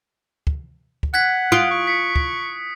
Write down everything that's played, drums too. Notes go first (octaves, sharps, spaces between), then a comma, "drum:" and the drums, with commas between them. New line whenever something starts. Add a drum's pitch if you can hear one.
drum: kick
drum: kick
F#5 F#6 G#6 B6
F4 D#6 D7
C#6
B6 C#7
drum: kick